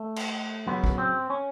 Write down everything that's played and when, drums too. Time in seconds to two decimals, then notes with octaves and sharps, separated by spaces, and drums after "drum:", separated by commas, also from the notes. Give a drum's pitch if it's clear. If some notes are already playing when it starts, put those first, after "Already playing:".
Already playing: A3
0.16 drum: cymbal
0.67 F#2 C#3 F#3 B3
0.84 drum: kick
0.98 C4
1.30 C#4